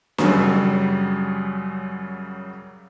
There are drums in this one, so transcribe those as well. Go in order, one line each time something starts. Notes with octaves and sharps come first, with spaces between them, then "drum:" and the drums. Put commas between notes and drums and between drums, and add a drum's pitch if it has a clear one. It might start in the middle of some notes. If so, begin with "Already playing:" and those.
F#2 C#3 F#3 G3, drum: snare